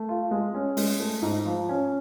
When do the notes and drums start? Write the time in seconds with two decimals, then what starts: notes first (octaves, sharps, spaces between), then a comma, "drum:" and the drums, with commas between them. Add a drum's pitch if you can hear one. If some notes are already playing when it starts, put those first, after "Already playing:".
Already playing: A3
0.09 F4
0.31 G#3
0.54 C#4
0.77 G#3, drum: open hi-hat
1.00 A3
1.22 G#2
1.46 F3
1.69 C#4